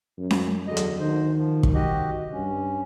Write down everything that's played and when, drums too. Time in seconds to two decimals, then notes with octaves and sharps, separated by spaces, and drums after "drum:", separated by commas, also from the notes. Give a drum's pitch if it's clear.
0.18 F#2
0.31 drum: snare C#4
0.67 E2 D3 F#3 D#5
0.77 drum: hi-hat
0.99 D2 D#3 C5
1.37 F3
1.63 drum: kick
1.74 F#4 G4 D#5
2.33 G2 C#4